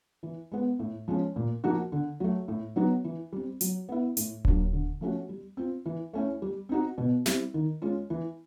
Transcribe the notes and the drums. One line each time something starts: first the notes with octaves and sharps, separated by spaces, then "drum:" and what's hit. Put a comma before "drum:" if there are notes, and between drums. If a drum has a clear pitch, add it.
E3
G#3 B3
A2
F3 G#3 C#4
A#2
F3 A#3 D#4 F#4
D3
F#3 A3
A2
F#3 B3 D#4 F#4
E3
G3 C4
F#3, drum: hi-hat
B3 E4
A2, drum: hi-hat
F#3 A#3 D4, drum: kick D#1
D3
F3 A3 C#4 F#4
G3
C4 F4
E3
A3 C#4 E4
G3
C4 D#4 F#4
B2
G3 C4 E4, drum: snare
D#3
G#3 C#4 F4
E3